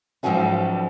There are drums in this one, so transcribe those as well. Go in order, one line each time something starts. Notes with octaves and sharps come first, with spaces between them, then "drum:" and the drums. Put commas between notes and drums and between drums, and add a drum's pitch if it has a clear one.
G#2 C3 F3 F#3 C#4 F#4, drum: cymbal